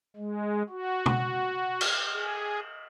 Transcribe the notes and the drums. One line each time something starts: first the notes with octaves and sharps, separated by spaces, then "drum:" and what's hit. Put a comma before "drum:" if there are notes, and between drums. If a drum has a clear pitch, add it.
G#3
F#4
drum: tom
drum: cymbal
G#4